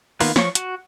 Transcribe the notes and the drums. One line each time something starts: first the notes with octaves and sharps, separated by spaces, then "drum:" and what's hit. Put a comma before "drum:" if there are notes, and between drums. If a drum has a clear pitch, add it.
D#3 A#3 B3 F4 B4, drum: open hi-hat
F3 C#5 C#6, drum: snare
F#4, drum: hi-hat